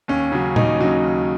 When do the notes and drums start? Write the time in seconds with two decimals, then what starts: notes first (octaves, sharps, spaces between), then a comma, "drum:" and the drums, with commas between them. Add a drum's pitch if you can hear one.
0.08 D#2 C#4
0.32 C#3 F#3
0.56 D#2 D#4, drum: tom A#2
0.81 C#3 F#3
1.04 D#2